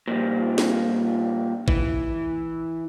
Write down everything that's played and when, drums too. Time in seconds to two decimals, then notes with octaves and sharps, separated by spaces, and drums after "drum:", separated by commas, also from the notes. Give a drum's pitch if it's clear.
0.08 A#2 F3 G3
0.58 drum: snare
1.68 E3, drum: kick